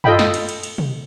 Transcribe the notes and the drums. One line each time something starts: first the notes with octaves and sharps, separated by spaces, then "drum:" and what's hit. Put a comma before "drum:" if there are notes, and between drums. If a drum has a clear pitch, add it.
F4 A4 D#5 F5 G5 B5, drum: tom
drum: snare
drum: cymbal
drum: cymbal
drum: cymbal
drum: tom